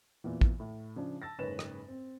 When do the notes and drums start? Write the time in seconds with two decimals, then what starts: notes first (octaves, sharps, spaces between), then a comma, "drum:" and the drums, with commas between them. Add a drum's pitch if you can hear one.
0.24 E2 A#2 E3
0.41 drum: kick
0.60 A2
0.96 C#3 F3 D4
1.22 A5 E6 A6 A#6
1.38 F#1 G#2 B4 C#5 E7
1.59 drum: rim click
1.88 C4